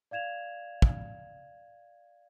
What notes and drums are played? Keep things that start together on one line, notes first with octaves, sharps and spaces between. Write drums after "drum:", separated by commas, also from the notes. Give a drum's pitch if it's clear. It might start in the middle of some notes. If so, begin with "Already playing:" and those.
D5 F5 G#6 E7 F7
drum: kick